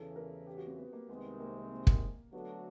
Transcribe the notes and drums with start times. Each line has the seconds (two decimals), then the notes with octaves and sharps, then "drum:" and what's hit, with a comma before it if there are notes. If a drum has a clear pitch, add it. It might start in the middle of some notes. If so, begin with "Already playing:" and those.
Already playing: E2 C#3 E3 A4
0.16 A#4
0.47 G4
0.57 F#4
0.67 C4
0.78 B3
0.93 A#3
1.09 C2 C3 D#3 G#3 B3 C4
1.40 A#3
1.71 A#3
1.87 drum: kick
2.33 D3 F#3 A3 B3 D4 F#4